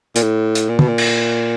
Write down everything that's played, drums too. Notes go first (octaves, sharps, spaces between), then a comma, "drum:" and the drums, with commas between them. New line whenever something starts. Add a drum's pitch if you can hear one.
A#2, drum: hi-hat
A2
drum: hi-hat
A#2
B2, drum: tom
A#2
drum: cymbal